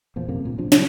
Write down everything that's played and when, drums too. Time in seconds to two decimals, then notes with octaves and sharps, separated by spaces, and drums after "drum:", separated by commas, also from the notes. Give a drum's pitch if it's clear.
0.16 E2 A#2 F3
0.28 B1 F#2 C3 A#3
0.44 D2 A#2
0.58 A#2 C#3 F3 D4
0.72 C#3 F#3 G3, drum: snare